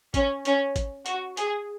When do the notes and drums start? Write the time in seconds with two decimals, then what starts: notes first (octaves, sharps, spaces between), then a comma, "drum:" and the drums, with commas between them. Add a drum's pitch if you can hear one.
0.14 C#4, drum: kick G#1, hi-hat
0.45 C#4, drum: hi-hat
0.76 drum: kick G#1, hi-hat
1.06 F#4, drum: hi-hat
1.37 G#4, drum: hi-hat